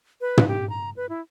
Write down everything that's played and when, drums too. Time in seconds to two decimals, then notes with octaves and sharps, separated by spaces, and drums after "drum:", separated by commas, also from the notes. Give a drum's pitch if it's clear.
0.21 B4
0.37 drum: tom
0.48 G4
0.70 A#5
0.96 B4
1.09 E4